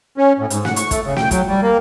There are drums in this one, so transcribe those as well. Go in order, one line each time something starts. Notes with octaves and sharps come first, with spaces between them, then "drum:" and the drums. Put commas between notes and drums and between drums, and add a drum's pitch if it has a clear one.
C#4
A2
G#2, drum: hi-hat
F#5, drum: snare
C#6, drum: hi-hat
A3, drum: kick, hi-hat
C#3
G5, drum: snare
F#3, drum: kick, hi-hat
G3
A#3